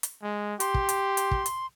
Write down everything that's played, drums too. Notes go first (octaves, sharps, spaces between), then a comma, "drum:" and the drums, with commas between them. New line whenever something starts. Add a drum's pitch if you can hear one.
drum: hi-hat
G#3
G4 C6, drum: hi-hat
drum: kick
drum: hi-hat
drum: hi-hat
drum: kick
drum: hi-hat